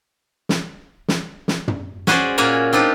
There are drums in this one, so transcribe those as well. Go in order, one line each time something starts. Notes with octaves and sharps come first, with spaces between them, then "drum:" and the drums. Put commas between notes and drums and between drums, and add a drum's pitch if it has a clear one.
drum: snare
drum: snare
drum: snare
drum: tom
C#4 F#4 G#4 C5 D5, drum: snare
A#2 A#3 C#4 F#4 C#5 A#5
C4 D4 D#4 F4 G4